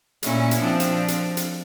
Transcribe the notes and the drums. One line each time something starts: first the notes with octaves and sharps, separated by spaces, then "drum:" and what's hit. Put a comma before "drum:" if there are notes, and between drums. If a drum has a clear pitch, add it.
A#2 C#4 E4, drum: hi-hat
drum: hi-hat
F3 C4 D4
drum: hi-hat
drum: hi-hat
drum: hi-hat